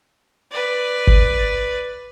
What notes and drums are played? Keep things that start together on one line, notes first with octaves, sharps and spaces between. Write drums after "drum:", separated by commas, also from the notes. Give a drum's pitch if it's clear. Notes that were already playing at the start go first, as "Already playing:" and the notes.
B4 D5
drum: kick G1